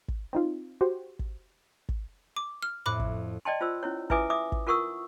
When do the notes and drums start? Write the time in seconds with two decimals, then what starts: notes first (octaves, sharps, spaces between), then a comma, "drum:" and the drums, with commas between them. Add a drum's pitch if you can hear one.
0.08 drum: kick
0.33 C4 D#4 F4
0.81 F#4 G4 C5
1.19 drum: kick
1.89 drum: kick
2.36 D6
2.63 F6
2.86 F2 A2 B5 D6 F#6
3.00 drum: kick
3.45 D5 D#5 G5 A5 C6
3.61 F4 C5 E6
3.83 C#4 E4 C#5
4.10 E4 B4 E5 G#5 D6 D#6, drum: kick
4.30 E5 D6 D#6
4.52 drum: kick
4.67 F4 A#4 F#5 C#6 D#6 E6